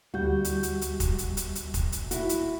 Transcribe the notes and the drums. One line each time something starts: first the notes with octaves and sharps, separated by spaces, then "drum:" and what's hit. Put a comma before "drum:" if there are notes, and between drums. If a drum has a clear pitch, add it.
D2 G3 F#4 G6
drum: hi-hat
drum: hi-hat
drum: hi-hat
drum: kick F1, hi-hat
drum: hi-hat
drum: hi-hat
drum: hi-hat
drum: kick F1, hi-hat
drum: hi-hat
E4 F#4, drum: hi-hat
drum: hi-hat